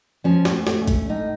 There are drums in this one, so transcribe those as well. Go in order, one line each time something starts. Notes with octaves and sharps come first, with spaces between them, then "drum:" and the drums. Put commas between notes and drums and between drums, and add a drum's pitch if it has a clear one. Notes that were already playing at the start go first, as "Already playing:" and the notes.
F3 C#4
A2, drum: snare
C4
A3, drum: snare
C#4
A3, drum: kick, hi-hat
A2 D#4